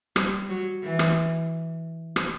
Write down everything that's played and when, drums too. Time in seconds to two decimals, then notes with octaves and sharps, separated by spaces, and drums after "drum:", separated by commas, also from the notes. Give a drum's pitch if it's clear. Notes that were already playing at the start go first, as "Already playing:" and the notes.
0.16 G3, drum: rim click
0.49 F#3
0.83 E3
0.99 drum: rim click
2.16 drum: rim click